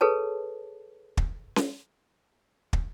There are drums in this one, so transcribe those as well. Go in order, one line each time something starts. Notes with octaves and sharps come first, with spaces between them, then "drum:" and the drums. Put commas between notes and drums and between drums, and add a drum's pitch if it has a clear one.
G#4 A4 B4 C#5 A5
drum: kick
drum: snare C#4
drum: kick